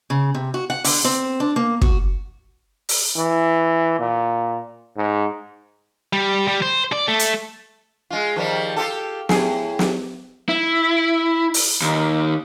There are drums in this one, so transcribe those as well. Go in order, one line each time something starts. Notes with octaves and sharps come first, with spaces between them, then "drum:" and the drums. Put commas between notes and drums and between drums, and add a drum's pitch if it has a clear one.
C#3
C3
F#4
F#5
D3, drum: open hi-hat
C4
D4
A#3
F#4, drum: kick
drum: open hi-hat
E3
A#2
G#2
G3
G3
C5
D5
A3
drum: hi-hat
G#3 F4
D#3 F3 G3
F4 G4 A4
A2 G#4, drum: snare
drum: snare
E4
drum: open hi-hat
D#2